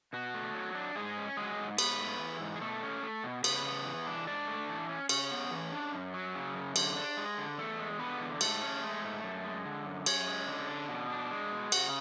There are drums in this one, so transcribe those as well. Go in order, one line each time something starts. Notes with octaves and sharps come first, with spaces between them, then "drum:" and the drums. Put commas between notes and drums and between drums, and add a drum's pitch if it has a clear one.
B2 F#4
A3
F#3
D4
G#2 G#3 G#4
C#4
F#3 G#3 G#4
G#2
G#2 B3 B4, drum: cymbal
A3
E3
G#2
G#4
B2 A3 A4
C#4
A3
B2
C#3 B3 B4, drum: cymbal
B3
E3
D4
G#2 D4 D5
A3
E3
C#4
C#3 C#4 C#5, drum: cymbal
B3
E3
D4
F#2
F#3
C#3
F#2
D3, drum: cymbal
D4
G#3
D3
E2 A3 A4
G#3
D3 B3 B4
E2
G#2 A3 A4, drum: cymbal
C#4
G#3
G#2
F#2
G#3
D3
F#2
F#2 C#4 C#5, drum: cymbal
G#3
D3
D4
B2
D4
G#3
B2
C#3 F#4 F#5, drum: cymbal